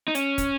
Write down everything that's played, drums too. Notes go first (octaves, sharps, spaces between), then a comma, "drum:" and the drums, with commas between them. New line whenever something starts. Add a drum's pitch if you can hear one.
D#4
C#4, drum: hi-hat
drum: kick, hi-hat